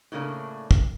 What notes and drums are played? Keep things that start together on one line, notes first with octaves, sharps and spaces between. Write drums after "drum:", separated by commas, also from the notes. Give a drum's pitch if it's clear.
A2 C#3 A3 A#3 D4
drum: kick